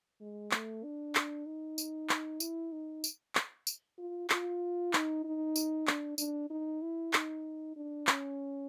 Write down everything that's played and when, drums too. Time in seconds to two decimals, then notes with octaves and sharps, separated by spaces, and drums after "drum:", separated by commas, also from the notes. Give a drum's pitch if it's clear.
0.21 G#3
0.51 A3, drum: clap
0.84 D4
1.15 drum: clap
1.46 D#4
1.78 drum: tambourine
2.09 drum: clap
2.40 E4, drum: tambourine
2.72 D#4
3.04 drum: tambourine
3.35 drum: clap
3.67 drum: tambourine
3.98 F4
4.30 F4, drum: clap
4.93 D#4, drum: clap
5.24 D#4
5.56 drum: tambourine
5.87 D4, drum: clap
6.18 D4, drum: tambourine
6.50 D#4
6.82 E4
7.13 D#4, drum: clap
7.76 D4
8.07 C#4, drum: clap